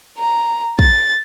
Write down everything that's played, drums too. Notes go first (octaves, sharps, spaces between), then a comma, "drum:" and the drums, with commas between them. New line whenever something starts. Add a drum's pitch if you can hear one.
A#5
A6, drum: kick